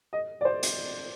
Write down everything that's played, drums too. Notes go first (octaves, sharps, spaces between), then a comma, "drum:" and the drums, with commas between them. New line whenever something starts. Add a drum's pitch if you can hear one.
D#5
D5
C5
drum: hi-hat